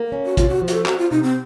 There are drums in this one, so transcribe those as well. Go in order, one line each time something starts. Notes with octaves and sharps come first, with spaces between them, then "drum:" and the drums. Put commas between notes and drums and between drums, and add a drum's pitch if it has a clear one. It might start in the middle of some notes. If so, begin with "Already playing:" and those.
Already playing: A#3
C#4
F#4
C3 F4, drum: kick, hi-hat
F#4
F3
F#4, drum: hi-hat
A4
C4 F#4, drum: clap
F4
C3 D#4
C4